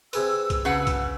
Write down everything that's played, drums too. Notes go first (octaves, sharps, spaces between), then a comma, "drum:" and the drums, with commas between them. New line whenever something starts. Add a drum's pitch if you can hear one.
C3 G#4 B4 E6, drum: hi-hat
drum: kick C2, hi-hat
C#3 F#4 B4 F#5
drum: kick C2, hi-hat